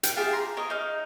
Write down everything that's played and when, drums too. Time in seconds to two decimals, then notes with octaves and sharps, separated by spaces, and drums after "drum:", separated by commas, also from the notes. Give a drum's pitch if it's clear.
0.03 G5, drum: hi-hat
0.16 F4 G4 G#4 E5
0.32 A#5 C6
0.57 A#4 C#5 D#5
0.70 D#4 F5